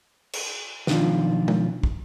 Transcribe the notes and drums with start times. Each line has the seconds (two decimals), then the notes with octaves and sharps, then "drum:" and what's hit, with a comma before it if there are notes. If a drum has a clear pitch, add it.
0.33 drum: cymbal
0.87 B1 D#3 F3 D4 F4, drum: snare
1.48 drum: tom G#3
1.83 drum: kick